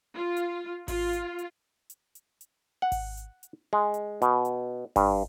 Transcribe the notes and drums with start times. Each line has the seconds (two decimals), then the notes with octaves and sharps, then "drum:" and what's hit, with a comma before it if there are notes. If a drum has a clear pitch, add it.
0.16 F4
0.37 drum: hi-hat
0.88 F4, drum: kick G#1, open hi-hat
1.13 drum: hi-hat
1.39 drum: hi-hat
1.90 drum: hi-hat
2.15 drum: hi-hat
2.41 drum: hi-hat
2.82 F#5
2.92 drum: kick G#1, open hi-hat
3.17 drum: hi-hat
3.43 drum: hi-hat
3.73 G#3
3.94 drum: hi-hat
4.22 B2, drum: hi-hat
4.45 drum: hi-hat
4.96 G2, drum: kick G#1, open hi-hat